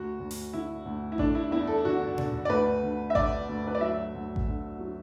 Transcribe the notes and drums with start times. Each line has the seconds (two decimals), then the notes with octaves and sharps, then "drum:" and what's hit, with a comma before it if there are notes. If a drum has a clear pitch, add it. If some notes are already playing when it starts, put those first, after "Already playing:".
Already playing: D2 F#4
0.20 D2
0.31 drum: open hi-hat
0.53 D3 E4
0.86 D2
1.12 E4
1.18 A3 D4, drum: kick A1
1.35 E4
1.51 E2 E4
1.67 A4
1.85 D3 F#4
2.18 D3, drum: tom A#2
2.45 D5
2.50 D2 B4
2.83 D3
3.10 E5
3.15 D3 D5, drum: kick A1
3.49 D2
3.67 B4
3.75 D5
3.81 F#3 E5
4.15 D2
4.36 drum: kick A1
4.47 D3
4.79 F#3